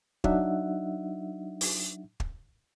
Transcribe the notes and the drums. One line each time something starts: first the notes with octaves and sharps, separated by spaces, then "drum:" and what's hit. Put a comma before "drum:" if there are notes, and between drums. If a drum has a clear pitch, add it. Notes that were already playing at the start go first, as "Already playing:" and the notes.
F#3 D4 D#4 E5 F#5, drum: kick
drum: open hi-hat
drum: kick